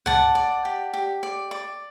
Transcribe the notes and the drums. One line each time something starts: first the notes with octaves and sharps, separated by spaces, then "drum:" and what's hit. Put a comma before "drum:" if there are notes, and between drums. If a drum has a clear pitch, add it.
D5 F#5 A5, drum: tom C2
D5
G4
G4
D5
D5